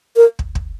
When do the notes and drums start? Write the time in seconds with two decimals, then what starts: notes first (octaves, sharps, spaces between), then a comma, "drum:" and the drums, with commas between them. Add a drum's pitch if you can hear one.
0.16 A#4
0.39 drum: kick
0.55 drum: kick